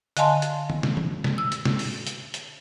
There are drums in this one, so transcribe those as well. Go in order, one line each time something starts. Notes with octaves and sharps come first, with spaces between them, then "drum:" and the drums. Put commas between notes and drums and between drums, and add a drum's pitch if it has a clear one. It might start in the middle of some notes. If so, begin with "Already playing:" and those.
D3 D#5 F5 G#5 A5 C6, drum: hi-hat
drum: hi-hat
drum: tom D#3
drum: snare
drum: tom E3
drum: snare
E6
drum: hi-hat
drum: snare
drum: open hi-hat
drum: hi-hat
drum: hi-hat